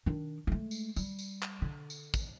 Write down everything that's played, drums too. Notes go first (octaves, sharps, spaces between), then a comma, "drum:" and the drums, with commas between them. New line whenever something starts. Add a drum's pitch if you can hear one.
D#3 D4
G#3 A3
drum: tambourine
G3, drum: tambourine
drum: tambourine
drum: clap
D3
drum: tambourine
drum: kick, tambourine